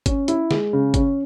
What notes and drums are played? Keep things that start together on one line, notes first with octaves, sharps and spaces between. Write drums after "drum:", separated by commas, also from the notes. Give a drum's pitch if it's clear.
C#4, drum: kick, hi-hat
E4, drum: hi-hat
G#3, drum: snare
C#3
C#4, drum: kick, hi-hat